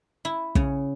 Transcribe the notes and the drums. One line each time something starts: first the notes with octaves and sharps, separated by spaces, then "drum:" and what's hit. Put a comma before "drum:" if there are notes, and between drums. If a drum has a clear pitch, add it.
E4
C#3, drum: kick